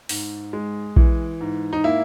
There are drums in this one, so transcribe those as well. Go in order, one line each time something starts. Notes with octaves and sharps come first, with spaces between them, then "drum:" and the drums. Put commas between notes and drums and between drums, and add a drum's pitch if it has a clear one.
G#2, drum: open hi-hat
G#3
E3, drum: kick A#1
G#2
D#4
A#3 E4